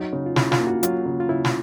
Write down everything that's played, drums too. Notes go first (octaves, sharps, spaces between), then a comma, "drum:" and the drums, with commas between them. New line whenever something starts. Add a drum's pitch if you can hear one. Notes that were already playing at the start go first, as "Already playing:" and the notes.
Already playing: F#3 D#4
C#3
F4
C#3 E4, drum: snare
F4, drum: snare
A#3
F#4
F#3 F4, drum: hi-hat
C#3
F4
C#3 E4
drum: snare